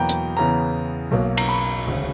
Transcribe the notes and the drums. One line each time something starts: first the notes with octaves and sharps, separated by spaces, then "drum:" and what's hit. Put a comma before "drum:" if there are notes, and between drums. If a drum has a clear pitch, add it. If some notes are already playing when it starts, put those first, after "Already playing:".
Already playing: E2 B2 F#3 A#3 G5 A#5 B5
drum: hi-hat
E2 C#3 E3 B3 A#5
B1 B2 F#3 A#3
A#5, drum: cymbal
B5
E1 D2 C#3